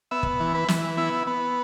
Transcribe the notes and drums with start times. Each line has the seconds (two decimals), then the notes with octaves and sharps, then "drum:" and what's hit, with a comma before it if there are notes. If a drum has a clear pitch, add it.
0.11 B3 E5
0.23 drum: kick
0.40 E3
0.54 B4
0.68 E3, drum: snare
0.97 B3 E4
1.27 B3